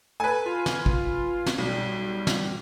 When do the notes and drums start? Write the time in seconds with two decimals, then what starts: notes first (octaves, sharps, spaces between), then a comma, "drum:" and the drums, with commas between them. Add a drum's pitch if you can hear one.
0.20 A4 B4 G#5
0.46 F4
0.66 drum: snare
0.86 drum: kick
1.46 drum: snare
1.58 B1 G3
2.27 drum: snare